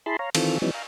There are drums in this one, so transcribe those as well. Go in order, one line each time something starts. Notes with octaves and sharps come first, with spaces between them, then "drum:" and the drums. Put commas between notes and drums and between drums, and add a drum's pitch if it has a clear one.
E4 G#4 A5 B5 C6
C#5 F5 A#5
D#3 E3 C4 F4 A4, drum: cymbal
E3 F3 G3 B3 C#4 D#4
F5 A#5